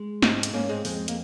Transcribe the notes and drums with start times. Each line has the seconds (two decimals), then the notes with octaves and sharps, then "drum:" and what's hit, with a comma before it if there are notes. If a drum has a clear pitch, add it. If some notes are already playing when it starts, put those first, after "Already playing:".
Already playing: G#3
0.22 G#2 C4 D#4, drum: snare
0.43 drum: hi-hat
0.54 G#2 A#3 C#4
0.69 G#3 C4
0.85 F2 G#3 C4, drum: open hi-hat
1.08 A#3, drum: hi-hat